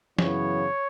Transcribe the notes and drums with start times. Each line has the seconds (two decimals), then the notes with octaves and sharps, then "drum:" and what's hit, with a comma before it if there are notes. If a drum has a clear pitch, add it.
0.19 F#2 C#3 E3 B3 C#5, drum: snare